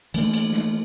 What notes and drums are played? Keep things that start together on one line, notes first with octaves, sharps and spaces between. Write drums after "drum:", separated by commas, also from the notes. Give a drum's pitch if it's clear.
E3 A3 A#3, drum: cymbal
drum: cymbal
drum: snare